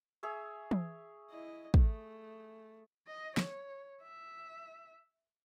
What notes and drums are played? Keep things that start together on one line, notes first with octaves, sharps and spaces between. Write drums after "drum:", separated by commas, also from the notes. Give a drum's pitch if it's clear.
G#4 C#5 E5
drum: tom E3
E4 D#5
A3, drum: kick
D#5
C#5, drum: snare
E5